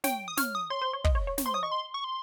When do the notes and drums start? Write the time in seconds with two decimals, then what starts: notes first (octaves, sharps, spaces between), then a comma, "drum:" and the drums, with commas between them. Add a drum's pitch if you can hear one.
0.04 C#5 G5, drum: snare
0.28 D#6
0.37 C#5 F6, drum: snare
0.55 D#6
0.70 C#5 C6
0.82 C5
0.93 C#5
1.04 D#5, drum: kick
1.15 C#5
1.27 C#5
1.38 C#5, drum: snare
1.46 C5 C6
1.54 C#5 D#6
1.63 D#5 C#6
1.71 C6
1.94 C#6
2.04 C6